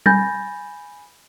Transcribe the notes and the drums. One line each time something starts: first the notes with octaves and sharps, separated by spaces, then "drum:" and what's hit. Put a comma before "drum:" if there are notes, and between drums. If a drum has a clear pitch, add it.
G#5 B5 G6 A6 A#6, drum: tom G3